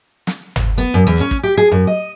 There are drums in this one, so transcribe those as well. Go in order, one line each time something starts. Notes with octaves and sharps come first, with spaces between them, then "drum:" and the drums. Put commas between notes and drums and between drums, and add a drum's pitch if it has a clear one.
drum: snare
drum: tom
B3
F#2
E2
C#4
drum: kick
G4
G#4
F#2
D#5